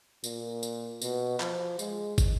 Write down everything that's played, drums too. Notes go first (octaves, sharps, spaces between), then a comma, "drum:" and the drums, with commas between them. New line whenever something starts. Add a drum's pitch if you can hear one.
A#2, drum: tambourine
drum: tambourine
B2, drum: tambourine
F3, drum: clap
G#3, drum: tambourine
drum: kick, tambourine